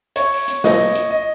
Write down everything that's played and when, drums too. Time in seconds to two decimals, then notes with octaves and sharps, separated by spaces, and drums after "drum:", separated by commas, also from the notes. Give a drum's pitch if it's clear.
0.16 C#5, drum: hi-hat
0.32 drum: open hi-hat
0.48 drum: hi-hat
0.64 D#5, drum: snare
0.79 drum: open hi-hat
0.95 drum: hi-hat
1.11 D#5